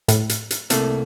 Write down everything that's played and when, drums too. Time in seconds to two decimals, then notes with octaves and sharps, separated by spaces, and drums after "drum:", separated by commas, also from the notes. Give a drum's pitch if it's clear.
0.08 A2, drum: hi-hat
0.29 drum: hi-hat
0.51 drum: hi-hat
0.70 C2 A3 A#3, drum: hi-hat